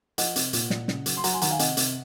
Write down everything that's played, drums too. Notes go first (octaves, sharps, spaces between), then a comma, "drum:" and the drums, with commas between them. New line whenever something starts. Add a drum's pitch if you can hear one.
F3 D#5 F#5, drum: hi-hat
C3, drum: hi-hat
A#2, drum: hi-hat
A#2, drum: snare
C#3, drum: snare
F#3, drum: hi-hat
C6
F#3 F#5 A#5, drum: hi-hat
G#5 C6
D#3 F#5 A#5, drum: hi-hat
F5 G#5
C3 D#5 F#5, drum: hi-hat
C3, drum: hi-hat